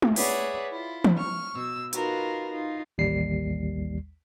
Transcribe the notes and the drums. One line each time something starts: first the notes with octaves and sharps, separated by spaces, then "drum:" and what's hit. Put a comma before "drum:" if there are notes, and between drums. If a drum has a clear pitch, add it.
drum: tom G#3
G#4 B4 C#5 D5 E5 F#5, drum: open hi-hat
E4 F4
drum: tom E3
C#6 F6
B2 E6
D#4 F4 F#4 A#4 B4, drum: hi-hat
D#4 F4
A1 D#2 G3 C7